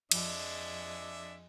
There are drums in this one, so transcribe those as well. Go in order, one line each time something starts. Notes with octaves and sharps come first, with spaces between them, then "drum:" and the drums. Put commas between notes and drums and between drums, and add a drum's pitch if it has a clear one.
F2 F3 G#3 D4 E5, drum: cymbal